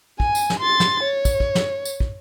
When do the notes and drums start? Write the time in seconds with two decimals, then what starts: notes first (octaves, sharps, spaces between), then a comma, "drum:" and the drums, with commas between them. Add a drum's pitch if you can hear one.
0.20 G#5, drum: kick
0.35 drum: tambourine
0.50 drum: snare
0.60 C6 A6
0.80 drum: snare
1.04 C#5
1.25 drum: kick, tambourine
1.40 drum: kick
1.55 drum: snare
1.85 drum: tambourine
2.00 drum: kick